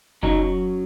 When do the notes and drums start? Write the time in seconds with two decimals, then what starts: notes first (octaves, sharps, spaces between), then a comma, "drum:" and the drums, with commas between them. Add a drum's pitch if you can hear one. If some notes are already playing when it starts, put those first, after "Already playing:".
0.23 F#2 F#3 D#4, drum: kick F1